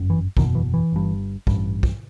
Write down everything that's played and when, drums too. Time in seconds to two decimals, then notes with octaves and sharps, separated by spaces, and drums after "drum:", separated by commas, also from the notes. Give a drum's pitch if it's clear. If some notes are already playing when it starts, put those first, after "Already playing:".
Already playing: G1 F#2
0.10 E3
0.37 F#1 E2 B2 D#3, drum: kick
0.55 E3
0.74 E3
0.92 G1 G2
1.47 A1 G2, drum: kick
1.83 drum: kick